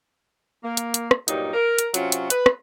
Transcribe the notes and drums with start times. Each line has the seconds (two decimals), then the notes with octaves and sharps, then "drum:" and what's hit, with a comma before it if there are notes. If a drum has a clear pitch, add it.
0.63 A#3
0.77 drum: hi-hat
0.94 drum: hi-hat
1.11 drum: rim click
1.28 G2 A#2 F#3 D#4 G4, drum: hi-hat
1.54 A#4
1.78 drum: hi-hat
1.94 C3 F#3 C#4 F4, drum: hi-hat
2.12 drum: hi-hat
2.30 B4, drum: hi-hat
2.46 drum: rim click